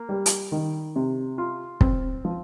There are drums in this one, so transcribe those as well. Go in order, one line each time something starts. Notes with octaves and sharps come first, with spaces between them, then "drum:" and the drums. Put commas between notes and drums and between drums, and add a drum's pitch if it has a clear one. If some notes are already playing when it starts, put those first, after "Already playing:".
Already playing: A#3
G3
drum: hi-hat
D#3
C3
F4
C4, drum: kick
F3